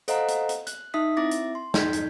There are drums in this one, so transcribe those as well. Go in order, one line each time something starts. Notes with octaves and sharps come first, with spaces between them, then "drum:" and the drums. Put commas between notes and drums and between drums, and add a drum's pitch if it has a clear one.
A4 C5 D#5 F5 F#5 A#5, drum: hi-hat
drum: hi-hat
drum: hi-hat
F#6, drum: hi-hat
D#4 E5 D#6 B6
C4 E4 E5 D6 A6 A#6
drum: hi-hat
C6
D#4 G6 G#6 B6, drum: snare
drum: hi-hat